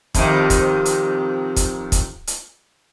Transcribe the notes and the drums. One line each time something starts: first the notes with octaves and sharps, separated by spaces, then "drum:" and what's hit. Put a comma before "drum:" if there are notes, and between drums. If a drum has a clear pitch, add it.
F2 C3 D#3, drum: kick, hi-hat
drum: kick, hi-hat
drum: hi-hat
drum: kick, hi-hat
drum: kick, hi-hat
drum: hi-hat